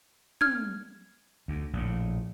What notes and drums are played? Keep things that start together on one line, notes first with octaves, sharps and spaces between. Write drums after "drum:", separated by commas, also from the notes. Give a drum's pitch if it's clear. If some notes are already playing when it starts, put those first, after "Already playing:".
F6 G#6, drum: tom
D2
A#1 A2